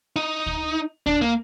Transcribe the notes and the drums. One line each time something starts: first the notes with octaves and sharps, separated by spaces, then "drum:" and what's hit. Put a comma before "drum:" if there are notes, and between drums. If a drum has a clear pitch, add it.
D#4
drum: kick D2
D4, drum: kick D2
A#3